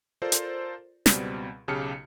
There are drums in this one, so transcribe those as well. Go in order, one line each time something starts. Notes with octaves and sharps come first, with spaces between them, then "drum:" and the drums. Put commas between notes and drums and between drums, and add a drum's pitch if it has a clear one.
F4 A4 A#4 C5 D5
drum: hi-hat
C#2 B2 G3 C4, drum: snare
B1 C#3 G4 A5 F6 C#7